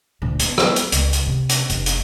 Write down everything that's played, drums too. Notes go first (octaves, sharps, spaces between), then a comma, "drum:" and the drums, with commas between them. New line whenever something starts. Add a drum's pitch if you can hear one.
D2 A#2
B3, drum: hi-hat
drum: rim click
drum: hi-hat
C#2, drum: hi-hat
drum: hi-hat
C3
drum: hi-hat
F1 F#2, drum: hi-hat
drum: hi-hat